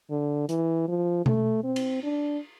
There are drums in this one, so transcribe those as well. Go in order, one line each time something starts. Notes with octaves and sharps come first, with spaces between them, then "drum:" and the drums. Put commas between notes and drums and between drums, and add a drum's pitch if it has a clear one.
D3
E3, drum: hi-hat
F3
A3, drum: tom B2
C4
drum: cymbal
D4